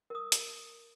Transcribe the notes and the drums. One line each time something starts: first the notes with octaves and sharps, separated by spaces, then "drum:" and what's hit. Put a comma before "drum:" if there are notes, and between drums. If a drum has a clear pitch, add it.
A#4 D#6
drum: hi-hat